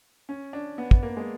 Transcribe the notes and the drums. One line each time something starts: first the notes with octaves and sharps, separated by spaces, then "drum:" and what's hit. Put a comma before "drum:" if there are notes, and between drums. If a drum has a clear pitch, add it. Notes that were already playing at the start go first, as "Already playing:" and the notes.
C#4
D4
B3
drum: kick
A#3
G#3